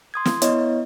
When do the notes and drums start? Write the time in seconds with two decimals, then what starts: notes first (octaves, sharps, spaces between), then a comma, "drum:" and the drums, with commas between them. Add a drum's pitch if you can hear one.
0.14 C6 D#6 G#6
0.26 drum: snare
0.42 B3 E4 C#5 D#5, drum: hi-hat